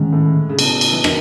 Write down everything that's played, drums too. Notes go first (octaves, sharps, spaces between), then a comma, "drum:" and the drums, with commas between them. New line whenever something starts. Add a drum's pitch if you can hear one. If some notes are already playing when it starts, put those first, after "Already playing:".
Already playing: G#2 D#3 G#3 C#4
A2
C#3
B2, drum: cymbal
drum: cymbal
E3
D#3, drum: rim click